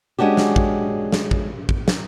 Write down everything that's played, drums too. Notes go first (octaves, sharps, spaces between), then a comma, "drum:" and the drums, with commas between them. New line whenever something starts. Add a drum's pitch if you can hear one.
G#3 C#4 D4 F#4 G4
drum: snare
drum: kick
drum: snare
drum: kick
drum: kick
drum: snare